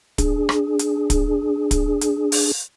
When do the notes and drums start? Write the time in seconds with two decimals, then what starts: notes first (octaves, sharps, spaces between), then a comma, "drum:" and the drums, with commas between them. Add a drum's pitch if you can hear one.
0.18 D4 G#4, drum: kick, hi-hat
0.49 drum: rim click
0.79 drum: hi-hat
1.10 drum: kick, hi-hat
1.71 drum: kick, hi-hat
2.01 drum: hi-hat
2.32 drum: open hi-hat